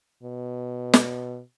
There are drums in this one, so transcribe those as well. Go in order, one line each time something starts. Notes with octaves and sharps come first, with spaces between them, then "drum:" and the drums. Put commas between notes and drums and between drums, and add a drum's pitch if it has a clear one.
B2
drum: snare